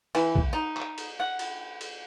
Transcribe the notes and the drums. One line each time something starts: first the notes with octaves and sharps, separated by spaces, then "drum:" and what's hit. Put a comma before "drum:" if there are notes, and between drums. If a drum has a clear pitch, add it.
E3, drum: cymbal
drum: kick
D#4
drum: clap
drum: cymbal
F#5
drum: cymbal
drum: cymbal